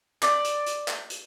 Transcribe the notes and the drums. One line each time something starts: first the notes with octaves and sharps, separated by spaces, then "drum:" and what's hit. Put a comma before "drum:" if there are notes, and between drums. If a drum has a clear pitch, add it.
D5, drum: clap
drum: hi-hat
drum: hi-hat
drum: clap
drum: hi-hat